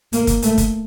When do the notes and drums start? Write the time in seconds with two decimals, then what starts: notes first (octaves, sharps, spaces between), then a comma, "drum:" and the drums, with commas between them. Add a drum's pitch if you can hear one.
0.13 A#3, drum: hi-hat
0.27 drum: kick, hi-hat
0.42 A3, drum: hi-hat
0.58 drum: kick, hi-hat